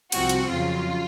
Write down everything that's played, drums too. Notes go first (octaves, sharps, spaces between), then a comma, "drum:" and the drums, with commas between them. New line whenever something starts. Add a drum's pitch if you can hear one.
C2 C3 F3 C4 F#4, drum: cymbal
drum: hi-hat
F2 C#3 F#3 F4